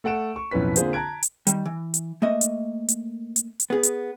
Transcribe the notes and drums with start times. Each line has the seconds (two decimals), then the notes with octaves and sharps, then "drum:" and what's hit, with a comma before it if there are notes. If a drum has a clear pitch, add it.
0.04 A3 A4 F#5 D7 E7
0.36 C#6
0.51 B1 F2 A2 C#4 B4 B6
0.76 D3 A#3 C4 F4 G#4 C5, drum: hi-hat
0.93 A5 A#5 F#6 G#6 D7
1.23 drum: hi-hat
1.47 D#3 G3, drum: hi-hat
1.66 E3
1.94 drum: hi-hat
2.22 A3 A#3 D#5 E5
2.41 drum: hi-hat
2.88 drum: hi-hat
3.36 drum: hi-hat
3.60 drum: hi-hat
3.70 B3 G#4
3.83 drum: hi-hat